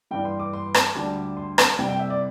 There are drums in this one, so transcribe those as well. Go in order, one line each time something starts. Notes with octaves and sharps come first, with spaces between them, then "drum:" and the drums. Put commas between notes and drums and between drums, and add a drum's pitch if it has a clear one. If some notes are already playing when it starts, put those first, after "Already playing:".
G2 E3 G3 G5
C6
D6
C6
A5, drum: rim click
D2 D3 G3 A5
C6
A5, drum: rim click
C2 C3 G3 G5
G5
E5
D5